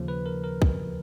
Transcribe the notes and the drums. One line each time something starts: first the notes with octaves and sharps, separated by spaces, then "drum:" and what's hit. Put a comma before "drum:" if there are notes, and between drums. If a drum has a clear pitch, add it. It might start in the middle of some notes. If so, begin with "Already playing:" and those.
Already playing: D#2 C#3 F3
B4
A#4
A#4
drum: kick